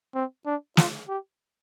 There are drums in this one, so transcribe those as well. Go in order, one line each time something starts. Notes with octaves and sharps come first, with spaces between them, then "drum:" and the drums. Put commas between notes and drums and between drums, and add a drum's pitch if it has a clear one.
C4
D4
F4, drum: snare
G4